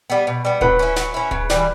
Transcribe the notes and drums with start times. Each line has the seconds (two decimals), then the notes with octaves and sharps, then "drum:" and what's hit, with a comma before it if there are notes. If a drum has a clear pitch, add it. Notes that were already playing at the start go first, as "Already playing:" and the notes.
0.10 G3 B3
0.27 B2
0.45 G3 B3
0.61 F#3 B4, drum: kick D1
0.79 C#4 E4
0.96 F#3, drum: snare
1.14 C#4 E4
1.31 C#3, drum: kick D1
1.50 E3 G3, drum: snare